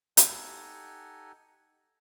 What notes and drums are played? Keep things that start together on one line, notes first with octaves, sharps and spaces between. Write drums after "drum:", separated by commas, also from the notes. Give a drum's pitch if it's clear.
D#4 G4 A4 F#5 G#5, drum: hi-hat